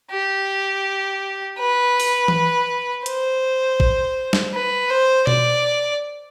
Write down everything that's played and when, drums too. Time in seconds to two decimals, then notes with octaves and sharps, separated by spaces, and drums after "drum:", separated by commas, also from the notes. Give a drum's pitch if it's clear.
0.11 G4
1.59 B4
2.00 drum: open hi-hat
2.28 drum: tom E3
3.06 C5, drum: hi-hat
3.80 drum: kick
4.33 drum: snare
4.54 B4
4.90 C5
5.27 D5, drum: tom B2